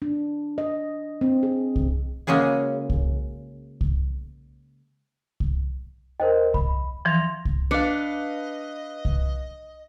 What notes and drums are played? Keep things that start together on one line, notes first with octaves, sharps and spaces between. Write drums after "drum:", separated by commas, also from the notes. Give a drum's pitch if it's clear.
D4
D#5
C4
G#4
drum: kick C2
C#3 G#3 A#3 C#4 F#4 G#4
drum: kick C2
drum: kick C2
drum: kick C2
D#2 A#4 C5 D#5
B5, drum: kick C2
E3 F3 C6 A#6 F7
drum: kick C2
D4 B4 D#5 F5 D6 C#7
drum: kick C2